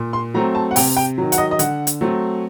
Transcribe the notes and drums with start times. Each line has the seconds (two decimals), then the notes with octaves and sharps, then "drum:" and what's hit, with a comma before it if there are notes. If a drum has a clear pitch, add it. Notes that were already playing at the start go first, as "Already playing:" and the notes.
Already playing: A#2
0.13 C6
0.34 F#3 A3 C4 A#5
0.55 A5
0.71 F#5
0.76 C3 G5, drum: open hi-hat
0.97 G5
1.18 D#3 F#3
1.32 F#5, drum: hi-hat
1.38 D#5
1.51 D#5
1.59 D3 F#5, drum: hi-hat
1.87 drum: hi-hat
2.01 F#3 A3 C4